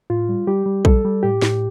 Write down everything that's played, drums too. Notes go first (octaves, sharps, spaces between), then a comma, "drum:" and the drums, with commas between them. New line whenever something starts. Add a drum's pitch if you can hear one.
A2 F4
G3
G3 G4
G3
G3 A4, drum: kick A#1
G3
A2 G4
A2, drum: snare